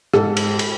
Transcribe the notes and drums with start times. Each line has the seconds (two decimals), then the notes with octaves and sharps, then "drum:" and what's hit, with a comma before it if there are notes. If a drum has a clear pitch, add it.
0.13 G#2 A4, drum: rim click
0.37 drum: cymbal
0.59 drum: cymbal